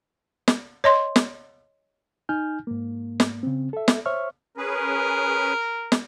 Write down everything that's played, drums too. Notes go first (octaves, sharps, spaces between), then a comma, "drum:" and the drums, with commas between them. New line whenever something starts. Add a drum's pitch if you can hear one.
drum: snare
C#5 D#5 C6
drum: snare
D#4 G#5 F6 G6
G#2 A#3
drum: snare
C#3 C4
A4 E5
drum: snare
C5 C#5 E5 C#6 F6
C#4 G#4 A#4 B4
drum: snare